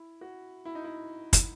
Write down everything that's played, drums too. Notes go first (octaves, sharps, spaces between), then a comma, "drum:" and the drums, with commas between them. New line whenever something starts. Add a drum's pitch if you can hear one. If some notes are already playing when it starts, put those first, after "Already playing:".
Already playing: E4
F#4
E4
D#4
E4
drum: kick, hi-hat